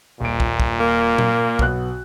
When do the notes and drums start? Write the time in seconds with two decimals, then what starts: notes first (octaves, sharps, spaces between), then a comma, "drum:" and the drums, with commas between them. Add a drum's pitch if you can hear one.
0.20 D#1 A#2 D7
0.40 drum: kick
0.60 drum: kick
0.80 A#3
1.18 drum: tom A#2
1.59 B1 B3 F#6, drum: kick